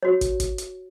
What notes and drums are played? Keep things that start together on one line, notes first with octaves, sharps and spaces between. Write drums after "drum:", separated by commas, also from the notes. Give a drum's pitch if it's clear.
F#4 C#5
drum: kick, hi-hat
drum: kick, hi-hat
drum: hi-hat